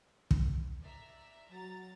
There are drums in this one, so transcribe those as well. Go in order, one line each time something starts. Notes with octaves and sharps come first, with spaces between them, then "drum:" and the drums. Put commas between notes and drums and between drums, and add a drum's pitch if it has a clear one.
drum: kick
D5 E5 A#5
F#3 A#5 A6